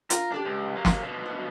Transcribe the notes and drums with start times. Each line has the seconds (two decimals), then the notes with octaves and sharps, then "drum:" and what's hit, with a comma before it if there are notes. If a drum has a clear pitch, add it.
0.10 F4 A#4, drum: hi-hat
0.32 D4 G4 A4 D5
0.45 C#2
0.76 F#3 A#3
0.85 drum: snare
1.03 B2 D3
1.26 F#4